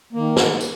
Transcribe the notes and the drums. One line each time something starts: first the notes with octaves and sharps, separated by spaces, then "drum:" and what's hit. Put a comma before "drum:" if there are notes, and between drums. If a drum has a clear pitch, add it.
D#3 A#3
drum: snare
drum: tambourine